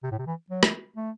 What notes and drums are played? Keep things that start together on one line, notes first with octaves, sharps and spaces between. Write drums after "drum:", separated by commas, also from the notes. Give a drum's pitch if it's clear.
C3
A2
C3
E3
F#3
drum: rim click
A3